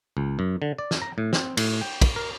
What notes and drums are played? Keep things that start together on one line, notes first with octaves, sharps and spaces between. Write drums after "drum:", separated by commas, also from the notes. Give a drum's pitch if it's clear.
C#2
F#2
D3
D5
drum: snare
A#5
A2
C4, drum: snare
A2, drum: cymbal
G5
drum: kick, cymbal
A#4